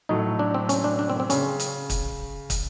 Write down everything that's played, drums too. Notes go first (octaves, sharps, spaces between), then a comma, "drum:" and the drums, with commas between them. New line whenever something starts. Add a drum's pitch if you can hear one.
A2 F#3 A3 D#4
D4
C4
C#4, drum: hi-hat
D4
D4
C4
C4
C#3 C#4, drum: hi-hat
drum: hi-hat
drum: kick, hi-hat
drum: kick, hi-hat